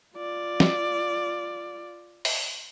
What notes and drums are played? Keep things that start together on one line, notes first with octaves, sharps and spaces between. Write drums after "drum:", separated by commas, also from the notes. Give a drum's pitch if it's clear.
F4 D5
drum: snare
drum: open hi-hat